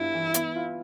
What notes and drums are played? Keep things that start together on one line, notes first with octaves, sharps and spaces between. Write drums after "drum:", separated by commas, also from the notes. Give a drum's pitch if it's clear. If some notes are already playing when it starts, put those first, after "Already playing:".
Already playing: G2 B3 E4 F4
E3
B3, drum: hi-hat
F4